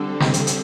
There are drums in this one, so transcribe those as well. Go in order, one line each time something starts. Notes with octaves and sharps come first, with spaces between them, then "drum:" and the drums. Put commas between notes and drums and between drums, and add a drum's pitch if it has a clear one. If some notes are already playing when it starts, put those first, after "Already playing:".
Already playing: D3 G3 C4 A4
drum: snare
drum: hi-hat
drum: hi-hat